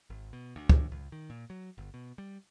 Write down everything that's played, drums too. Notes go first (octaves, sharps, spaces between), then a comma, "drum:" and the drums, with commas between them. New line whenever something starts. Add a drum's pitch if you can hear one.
G#1
B2
D2
drum: kick
C#2
D#3
A#2
F#3
G1
B2
G3